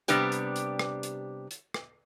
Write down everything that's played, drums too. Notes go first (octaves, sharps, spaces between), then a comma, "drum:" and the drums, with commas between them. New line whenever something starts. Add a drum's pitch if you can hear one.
C3 G3 B3 D4 G4, drum: hi-hat
drum: hi-hat
drum: hi-hat
drum: rim click
drum: hi-hat
drum: hi-hat
drum: rim click